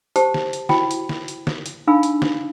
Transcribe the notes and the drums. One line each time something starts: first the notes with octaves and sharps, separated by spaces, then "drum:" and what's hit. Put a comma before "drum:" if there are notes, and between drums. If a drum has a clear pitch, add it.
G4 C5 A5 C#6, drum: hi-hat
drum: snare
drum: hi-hat
E4 F#4 G5 B5, drum: snare
drum: hi-hat
drum: snare
drum: hi-hat
drum: snare
drum: hi-hat
D4 D#4 F5 B5 E6
drum: hi-hat
drum: snare